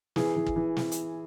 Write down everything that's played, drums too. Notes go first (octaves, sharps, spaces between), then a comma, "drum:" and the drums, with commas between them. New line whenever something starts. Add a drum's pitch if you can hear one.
E3 G#4, drum: snare
E3
drum: kick
E3
drum: snare
drum: hi-hat